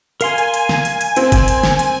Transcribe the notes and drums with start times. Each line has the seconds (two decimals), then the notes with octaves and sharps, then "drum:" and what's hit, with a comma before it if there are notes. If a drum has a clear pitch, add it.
0.21 A#4 F5 G#5 C6, drum: hi-hat
0.38 drum: hi-hat
0.54 drum: hi-hat
0.69 drum: snare
0.85 drum: hi-hat
1.01 drum: hi-hat
1.16 C4, drum: hi-hat
1.32 drum: kick G1, hi-hat
1.48 drum: hi-hat
1.64 drum: snare
1.79 drum: hi-hat